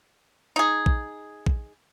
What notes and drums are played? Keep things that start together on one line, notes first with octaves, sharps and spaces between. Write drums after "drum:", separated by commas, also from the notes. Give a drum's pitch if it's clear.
D#4 G#4
drum: kick A#1
drum: kick A#1